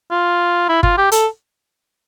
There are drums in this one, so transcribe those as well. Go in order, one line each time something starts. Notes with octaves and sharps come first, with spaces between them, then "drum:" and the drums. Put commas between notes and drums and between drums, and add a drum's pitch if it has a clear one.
F4
E4
F4, drum: kick G1
G4
A4, drum: hi-hat